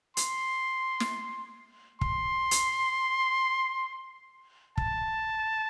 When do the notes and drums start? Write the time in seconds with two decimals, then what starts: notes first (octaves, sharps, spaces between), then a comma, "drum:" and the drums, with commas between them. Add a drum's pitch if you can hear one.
0.17 C6, drum: hi-hat
1.00 drum: snare
2.01 C6, drum: kick
2.51 drum: hi-hat
4.78 A5, drum: kick